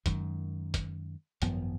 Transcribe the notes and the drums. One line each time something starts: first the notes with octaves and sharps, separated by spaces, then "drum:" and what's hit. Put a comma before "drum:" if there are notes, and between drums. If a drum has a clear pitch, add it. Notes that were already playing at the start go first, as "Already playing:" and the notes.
F#2 D#3 G#3, drum: kick, hi-hat
drum: kick, hi-hat
G#1 F#2 F3 B3, drum: hi-hat